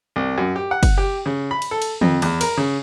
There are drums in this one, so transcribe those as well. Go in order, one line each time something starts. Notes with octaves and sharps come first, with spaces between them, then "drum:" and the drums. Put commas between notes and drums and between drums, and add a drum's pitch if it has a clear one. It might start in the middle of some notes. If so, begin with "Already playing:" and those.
C2
F#2
G4
F#5
drum: kick, cymbal
G4
C#3
B5
drum: cymbal
A4
drum: cymbal
F2, drum: tom
E2, drum: cymbal
A#4, drum: cymbal
C#3